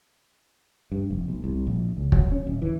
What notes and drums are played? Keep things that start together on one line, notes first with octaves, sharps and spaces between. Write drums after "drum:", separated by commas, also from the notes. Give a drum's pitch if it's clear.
G2
F1
B1
C2
A#1
C#2
F#3, drum: kick
C#4
D1
E3